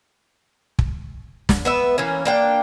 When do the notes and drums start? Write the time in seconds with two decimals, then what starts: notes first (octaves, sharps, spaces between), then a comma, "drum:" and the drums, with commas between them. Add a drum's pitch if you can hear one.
0.79 drum: kick
1.49 drum: snare
1.65 B3 B4 E5
1.98 E3 A#3 C#4
2.25 A#3 D4 G5